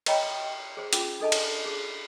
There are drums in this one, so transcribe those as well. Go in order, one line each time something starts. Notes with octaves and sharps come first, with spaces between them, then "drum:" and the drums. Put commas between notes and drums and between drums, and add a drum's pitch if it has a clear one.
B4 C#5 D#5 G5 A#5 B5, drum: cymbal
G#4 C5
C#4 F4 G#4, drum: hi-hat
D4 A4 D#5 G#5 A5
drum: cymbal
G#4